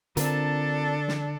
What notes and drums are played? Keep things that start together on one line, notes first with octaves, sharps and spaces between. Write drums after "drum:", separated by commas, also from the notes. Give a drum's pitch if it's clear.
D3 C4 D4 F4 A4 A#4, drum: hi-hat
drum: snare